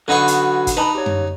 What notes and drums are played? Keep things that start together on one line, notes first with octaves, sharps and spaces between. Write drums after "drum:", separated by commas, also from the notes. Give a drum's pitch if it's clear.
D3 F#3 D#4 F#4 B4 C#6
drum: hi-hat
drum: kick G#1, hi-hat
D#4 B4 A5 B5
G4 C#5
drum: tom F#2